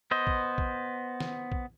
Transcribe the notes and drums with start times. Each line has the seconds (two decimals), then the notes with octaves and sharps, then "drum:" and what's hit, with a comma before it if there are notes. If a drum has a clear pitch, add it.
0.11 B3 C5 D#5
0.27 drum: kick
0.58 drum: kick
1.20 drum: snare
1.52 drum: kick